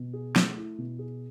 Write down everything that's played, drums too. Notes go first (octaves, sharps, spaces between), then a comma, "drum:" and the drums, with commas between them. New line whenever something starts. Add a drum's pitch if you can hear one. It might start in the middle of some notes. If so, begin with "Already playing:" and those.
Already playing: B2
G#4
A3, drum: snare
E4
B2
G#4